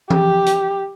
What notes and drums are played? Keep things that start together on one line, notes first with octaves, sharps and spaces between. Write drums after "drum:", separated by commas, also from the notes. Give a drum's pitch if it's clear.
G4, drum: tom E3
drum: hi-hat